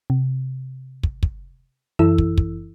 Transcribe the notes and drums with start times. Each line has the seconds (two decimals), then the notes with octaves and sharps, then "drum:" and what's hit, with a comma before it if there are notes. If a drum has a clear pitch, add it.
0.10 C3
1.03 drum: kick
1.23 drum: kick
1.99 F#2 E3 E4 A4 E6
2.18 drum: kick
2.38 drum: kick